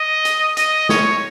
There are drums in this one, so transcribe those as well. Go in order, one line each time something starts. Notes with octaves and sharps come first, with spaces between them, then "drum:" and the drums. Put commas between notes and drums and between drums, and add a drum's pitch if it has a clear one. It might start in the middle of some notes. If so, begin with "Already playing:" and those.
Already playing: D#5
drum: hi-hat
D#5, drum: hi-hat
C#5, drum: snare